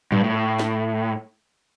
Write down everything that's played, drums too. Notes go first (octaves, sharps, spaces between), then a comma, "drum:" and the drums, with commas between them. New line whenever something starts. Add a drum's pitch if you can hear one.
G2, drum: tom G#2
A2
drum: snare